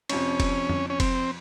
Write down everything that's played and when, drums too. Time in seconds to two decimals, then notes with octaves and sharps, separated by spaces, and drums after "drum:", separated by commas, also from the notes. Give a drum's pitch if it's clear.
0.09 F2 C3 F3 C#4, drum: cymbal
0.40 drum: kick F1, cymbal
0.69 drum: tom F2
0.90 C#4
1.00 C4, drum: kick F1, cymbal